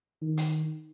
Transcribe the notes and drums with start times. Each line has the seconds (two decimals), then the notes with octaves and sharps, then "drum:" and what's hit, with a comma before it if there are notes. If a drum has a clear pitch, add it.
0.22 D#3
0.37 drum: hi-hat